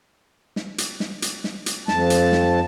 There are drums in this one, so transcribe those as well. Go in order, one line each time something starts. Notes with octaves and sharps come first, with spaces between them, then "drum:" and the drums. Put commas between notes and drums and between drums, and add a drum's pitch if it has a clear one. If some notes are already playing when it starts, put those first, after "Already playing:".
drum: snare
drum: hi-hat
drum: snare
drum: hi-hat
drum: snare
drum: hi-hat
F2 A5, drum: snare
drum: hi-hat
drum: snare